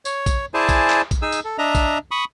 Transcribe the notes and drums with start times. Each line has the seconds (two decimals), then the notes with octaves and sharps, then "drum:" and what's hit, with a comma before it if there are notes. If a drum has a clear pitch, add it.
0.05 C#5, drum: tambourine
0.26 drum: kick A#1, tambourine
0.54 E4 G#4 C5 D5 G#5 A5
0.69 drum: kick A#1, tambourine
0.90 drum: clap
1.11 drum: kick A#1, tambourine
1.22 D#4 G#4 G#5 E6
1.32 drum: tambourine
1.44 A4
1.58 D4 D#5 E5 A#5
1.75 drum: kick A#1, tambourine
2.11 B5 C#6 D#6